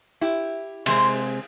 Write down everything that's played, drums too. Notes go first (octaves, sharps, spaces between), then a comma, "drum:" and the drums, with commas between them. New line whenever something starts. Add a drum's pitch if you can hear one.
E4 G4
C3 G#3 C4, drum: cymbal